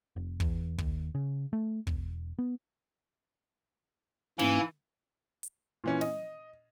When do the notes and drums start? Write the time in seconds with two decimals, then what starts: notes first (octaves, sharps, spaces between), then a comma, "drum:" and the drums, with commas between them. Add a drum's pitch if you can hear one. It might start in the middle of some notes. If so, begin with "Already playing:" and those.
0.16 F1
0.40 E2, drum: kick
0.78 D#2, drum: kick
1.15 C#3
1.53 A3
1.87 E1, drum: kick
2.39 B3
4.39 G#2 E3 A#3 C#4, drum: snare
5.43 drum: hi-hat
5.84 A#2 E3 C#4
6.01 D#5, drum: snare